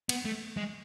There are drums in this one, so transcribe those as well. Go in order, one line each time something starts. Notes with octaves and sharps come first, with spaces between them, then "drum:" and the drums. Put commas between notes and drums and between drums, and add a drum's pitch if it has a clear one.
B3, drum: cymbal
A3
G#3